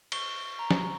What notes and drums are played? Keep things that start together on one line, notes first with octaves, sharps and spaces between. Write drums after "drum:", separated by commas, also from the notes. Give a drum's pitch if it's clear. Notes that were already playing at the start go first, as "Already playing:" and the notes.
C#6 G7, drum: cymbal
A#5
drum: snare